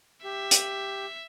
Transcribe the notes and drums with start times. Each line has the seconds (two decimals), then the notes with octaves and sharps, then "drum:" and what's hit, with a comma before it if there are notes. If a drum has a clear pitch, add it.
0.24 G4 E5
0.51 drum: hi-hat